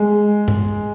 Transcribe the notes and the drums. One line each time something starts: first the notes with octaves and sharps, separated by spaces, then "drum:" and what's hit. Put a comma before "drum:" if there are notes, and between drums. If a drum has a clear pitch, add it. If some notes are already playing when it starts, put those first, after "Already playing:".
Already playing: G#3
drum: tom G2